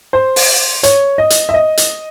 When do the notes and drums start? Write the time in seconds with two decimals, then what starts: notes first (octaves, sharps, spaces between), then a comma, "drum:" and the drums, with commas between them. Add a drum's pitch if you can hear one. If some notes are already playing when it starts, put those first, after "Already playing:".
0.13 C5
0.36 drum: open hi-hat
0.83 C#5, drum: hi-hat
1.18 D#5
1.30 drum: hi-hat
1.49 E5
1.54 D#5
1.77 drum: hi-hat